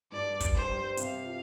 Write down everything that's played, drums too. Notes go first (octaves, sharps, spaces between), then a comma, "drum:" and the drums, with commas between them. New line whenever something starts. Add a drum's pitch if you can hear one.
G2 D5
G2, drum: kick, hi-hat
C5
G3
C3 F5, drum: hi-hat
F4